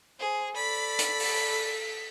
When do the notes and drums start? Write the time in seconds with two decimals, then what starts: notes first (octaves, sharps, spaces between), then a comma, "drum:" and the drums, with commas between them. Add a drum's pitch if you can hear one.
0.20 G#4 C5
0.56 A4 D5 B5 B6
0.99 drum: hi-hat
1.20 drum: open hi-hat